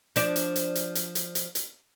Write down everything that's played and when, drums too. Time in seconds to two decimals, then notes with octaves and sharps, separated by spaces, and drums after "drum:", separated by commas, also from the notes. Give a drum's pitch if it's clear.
0.16 F3 D4, drum: hi-hat
0.36 drum: hi-hat
0.56 drum: hi-hat
0.75 drum: hi-hat
0.95 drum: hi-hat
1.15 drum: hi-hat
1.35 drum: hi-hat
1.55 drum: hi-hat